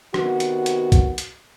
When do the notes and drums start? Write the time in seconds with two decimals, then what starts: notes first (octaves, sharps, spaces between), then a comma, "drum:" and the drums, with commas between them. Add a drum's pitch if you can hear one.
0.14 C3 D#3 B3 F#4, drum: rim click
0.40 drum: hi-hat
0.66 drum: hi-hat
0.92 drum: kick, hi-hat
1.18 drum: hi-hat